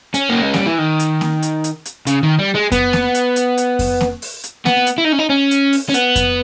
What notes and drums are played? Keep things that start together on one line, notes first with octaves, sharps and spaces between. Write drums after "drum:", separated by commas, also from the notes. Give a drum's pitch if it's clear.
C#4, drum: hi-hat
A#3
G#3
G3, drum: snare A#3
E3
D#3
drum: hi-hat
drum: snare A#3
drum: hi-hat
drum: hi-hat
drum: hi-hat
C#3, drum: hi-hat
D#3
G3
G#3
B3, drum: kick F2, hi-hat
drum: snare A#3
drum: hi-hat
drum: hi-hat
drum: hi-hat
drum: kick F2, open hi-hat
drum: snare A#3
drum: open hi-hat
drum: hi-hat
B3, drum: snare A#3
drum: hi-hat
E4
D#4
C#4
D#4
C#4
drum: hi-hat
drum: open hi-hat
C#4
B3, drum: hi-hat
drum: kick F2, hi-hat